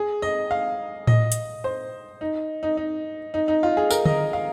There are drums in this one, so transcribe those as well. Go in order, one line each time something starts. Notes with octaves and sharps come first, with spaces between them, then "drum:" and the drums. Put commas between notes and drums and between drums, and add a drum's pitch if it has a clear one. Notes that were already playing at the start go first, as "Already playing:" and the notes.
Already playing: G#4
D#5
F5
D#5, drum: tom A2
drum: hi-hat
C5
D#4
D#4
D#4
D#4
D#4
F4
G#4
A#4, drum: tambourine
D#5, drum: tom D3
F5